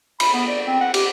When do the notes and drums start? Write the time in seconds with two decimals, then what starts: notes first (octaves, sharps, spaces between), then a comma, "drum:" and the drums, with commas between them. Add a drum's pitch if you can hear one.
0.20 B5, drum: cymbal
0.34 B3
0.48 D5
0.66 C4
0.81 F#5
0.94 G4, drum: cymbal